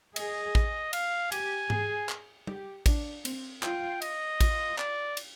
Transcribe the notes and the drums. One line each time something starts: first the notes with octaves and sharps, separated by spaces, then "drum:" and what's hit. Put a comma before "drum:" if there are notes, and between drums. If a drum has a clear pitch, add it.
G#4 D#5, drum: cymbal
drum: kick
F5, drum: cymbal
G4 G#5, drum: cymbal
G#4, drum: tom G#2
drum: clap
G4, drum: tom
D4, drum: kick, cymbal
C4, drum: cymbal
F4 G5, drum: clap
D#5, drum: cymbal
F4, drum: kick, cymbal
D5, drum: clap
drum: cymbal